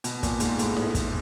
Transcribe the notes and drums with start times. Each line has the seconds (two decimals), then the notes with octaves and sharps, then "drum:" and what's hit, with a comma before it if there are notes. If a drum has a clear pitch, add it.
0.04 B2, drum: hi-hat
0.23 A#2, drum: kick, hi-hat
0.40 G#2, drum: hi-hat
0.59 A2, drum: hi-hat
0.77 drum: snare E4
0.95 drum: kick, hi-hat